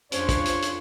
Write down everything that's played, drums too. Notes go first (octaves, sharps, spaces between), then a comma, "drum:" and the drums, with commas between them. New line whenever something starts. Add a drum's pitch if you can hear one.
F2 C#4 D4 F4 G#4 C5 C#5, drum: hi-hat
drum: kick, hi-hat
drum: hi-hat
drum: hi-hat